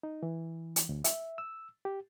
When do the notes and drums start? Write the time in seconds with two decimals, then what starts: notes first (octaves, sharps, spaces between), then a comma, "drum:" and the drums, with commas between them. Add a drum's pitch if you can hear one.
0.03 D#4
0.23 E3
0.76 drum: hi-hat
0.89 D2
1.04 E5, drum: hi-hat
1.38 E6
1.85 G4